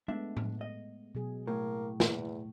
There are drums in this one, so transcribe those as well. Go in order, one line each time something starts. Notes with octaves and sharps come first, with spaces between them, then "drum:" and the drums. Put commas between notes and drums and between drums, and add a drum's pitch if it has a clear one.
G#3 A3 B3 D4 E5
drum: tom A2
D#5
B2 F#3 G#4
A2 A#3
E2, drum: snare